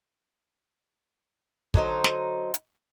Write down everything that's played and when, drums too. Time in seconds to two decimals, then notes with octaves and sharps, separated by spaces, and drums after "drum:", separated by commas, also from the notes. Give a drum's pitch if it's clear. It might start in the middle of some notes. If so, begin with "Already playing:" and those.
1.74 D3 F#3 D#4 C5, drum: kick
2.04 drum: snare
2.54 drum: hi-hat